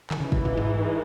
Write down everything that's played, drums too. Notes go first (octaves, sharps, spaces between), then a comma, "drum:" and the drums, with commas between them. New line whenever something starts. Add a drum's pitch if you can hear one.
D#3, drum: clap
C#3 E3 G#3 D#4
B2, drum: kick
A#2
G#2